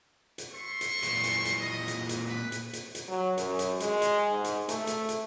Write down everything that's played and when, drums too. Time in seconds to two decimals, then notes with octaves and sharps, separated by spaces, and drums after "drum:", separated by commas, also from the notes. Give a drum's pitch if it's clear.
0.38 drum: hi-hat
0.52 A3 C6 C#6
0.81 drum: hi-hat
1.03 A#2 E3, drum: hi-hat
1.24 drum: hi-hat
1.45 drum: hi-hat
1.59 D#5
1.88 drum: hi-hat
2.09 drum: hi-hat
2.27 B4
2.52 drum: hi-hat
2.73 drum: hi-hat
2.95 drum: hi-hat
3.08 F#3
3.38 F#2, drum: hi-hat
3.59 drum: hi-hat
3.80 G#3, drum: hi-hat
4.02 drum: hi-hat
4.31 G#2
4.44 drum: hi-hat
4.69 A3, drum: hi-hat
4.87 drum: hi-hat
5.09 drum: hi-hat